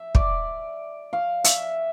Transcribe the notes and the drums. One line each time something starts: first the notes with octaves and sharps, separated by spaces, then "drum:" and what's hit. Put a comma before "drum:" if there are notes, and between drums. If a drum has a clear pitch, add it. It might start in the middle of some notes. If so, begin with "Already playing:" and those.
Already playing: E5
D5, drum: kick
F5
E5, drum: hi-hat